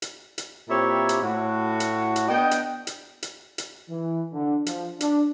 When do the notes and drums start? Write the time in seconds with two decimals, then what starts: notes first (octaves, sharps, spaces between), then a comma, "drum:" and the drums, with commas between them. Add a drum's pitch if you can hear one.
0.02 drum: hi-hat
0.38 drum: hi-hat
0.70 A#2 C4 E4 G4 C#5 E5
1.09 drum: hi-hat
1.23 A2 F#4
1.80 drum: hi-hat
2.16 drum: hi-hat
2.29 B3 D4 D#5 G5
2.51 drum: hi-hat
2.87 drum: hi-hat
3.22 drum: hi-hat
3.58 drum: hi-hat
3.89 E3
4.33 D3
4.66 F3, drum: hi-hat
5.00 D4, drum: hi-hat